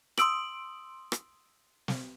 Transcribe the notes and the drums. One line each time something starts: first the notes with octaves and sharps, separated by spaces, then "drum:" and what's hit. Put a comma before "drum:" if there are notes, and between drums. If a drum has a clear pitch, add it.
C6 D#6 E6 D7 F#7, drum: rim click
drum: rim click
drum: snare